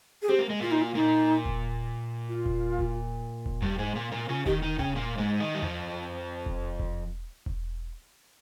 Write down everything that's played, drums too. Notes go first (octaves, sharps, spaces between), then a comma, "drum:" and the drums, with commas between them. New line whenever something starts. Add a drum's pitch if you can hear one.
G#4
C4 G4
A#3
G#3
A#2 A#3 F4
D#4
F4
A#2 A#3 D#4
drum: kick E1
F4
drum: kick E1
drum: kick E1
drum: kick E1
G2 G3, drum: tom E2
G#2 G#3
A#2 A#3
A#2 A#3
C#3 C#4 F4
D#3 D#4 G4, drum: kick E1
D#3 D#4
C#3 C#4 G5, drum: kick E1
A#2 A#3
G#2 G#3
D#3 D#4
G3
F2 F3, drum: tom E2
drum: kick E1
drum: kick E1
drum: kick E1